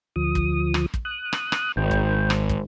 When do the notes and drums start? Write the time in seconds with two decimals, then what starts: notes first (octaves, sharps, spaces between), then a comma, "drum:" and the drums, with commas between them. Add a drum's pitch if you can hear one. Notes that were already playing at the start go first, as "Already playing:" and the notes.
0.16 D2 F3 D#6
0.35 drum: kick
0.74 drum: rim click
0.94 drum: kick
1.05 D#6 F#6
1.33 drum: rim click
1.52 drum: rim click
1.77 G#1 G5
1.91 drum: kick
2.30 drum: rim click
2.49 drum: kick